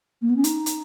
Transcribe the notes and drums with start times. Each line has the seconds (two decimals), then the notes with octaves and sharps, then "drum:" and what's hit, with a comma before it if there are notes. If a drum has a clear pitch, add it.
0.22 A#3
0.29 B3
0.36 C#4
0.44 D#4, drum: hi-hat
0.66 drum: hi-hat